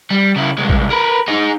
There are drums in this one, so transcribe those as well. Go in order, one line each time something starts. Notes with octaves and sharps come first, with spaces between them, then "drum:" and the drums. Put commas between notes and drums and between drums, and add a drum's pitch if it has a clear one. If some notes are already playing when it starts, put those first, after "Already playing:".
G3
C#3 E4
C2 G#3
drum: kick A1
A#4 B4
D#4 G#4